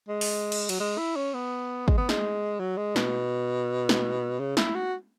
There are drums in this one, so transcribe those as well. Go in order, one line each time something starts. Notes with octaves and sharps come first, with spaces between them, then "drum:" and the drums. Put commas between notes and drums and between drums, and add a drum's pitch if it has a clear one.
G#3
drum: open hi-hat
drum: cymbal
F#3, drum: cymbal
G#3
E4
C#4
B3
G#3, drum: kick
B3
G#3, drum: snare
F#3
G#3
B2, drum: snare
drum: snare
C#3
E4, drum: snare
F#4